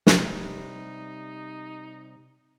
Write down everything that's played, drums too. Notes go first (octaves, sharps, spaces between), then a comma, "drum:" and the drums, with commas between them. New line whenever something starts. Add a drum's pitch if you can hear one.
C3 G3 D#4, drum: snare